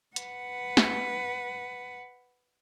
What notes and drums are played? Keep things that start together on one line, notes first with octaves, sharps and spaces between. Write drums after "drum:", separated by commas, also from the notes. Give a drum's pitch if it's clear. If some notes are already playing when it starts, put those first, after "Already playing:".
B4 F#5, drum: hi-hat
drum: snare